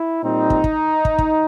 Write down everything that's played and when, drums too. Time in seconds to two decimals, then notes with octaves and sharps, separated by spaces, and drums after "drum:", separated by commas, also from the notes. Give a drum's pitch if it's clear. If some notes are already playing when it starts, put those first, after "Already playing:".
Already playing: E4
0.23 A#2 G3 C4 D#4
0.50 drum: kick
0.64 drum: kick
1.05 drum: kick
1.18 drum: kick